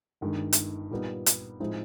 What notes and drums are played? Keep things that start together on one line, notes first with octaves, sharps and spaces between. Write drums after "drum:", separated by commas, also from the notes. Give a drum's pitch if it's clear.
G1 G2 D#3 G#3
drum: hi-hat
A#2 G3 B3 D#4
drum: hi-hat
A2 F3 G#3 C4 D#4